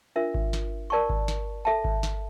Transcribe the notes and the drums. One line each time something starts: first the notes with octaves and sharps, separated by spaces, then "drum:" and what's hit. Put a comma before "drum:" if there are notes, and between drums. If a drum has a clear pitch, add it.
D4 F4 A#4 E5
drum: kick G#1
drum: snare
A#4 D5 A5 C#6
drum: kick G#1
drum: snare
A4 E5 A5
drum: kick G#1
drum: snare